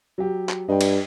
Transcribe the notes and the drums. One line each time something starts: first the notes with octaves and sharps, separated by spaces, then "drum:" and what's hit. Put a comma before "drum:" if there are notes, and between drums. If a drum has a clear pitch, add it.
F#3 G4
drum: clap
G2 D#5 G5
drum: cymbal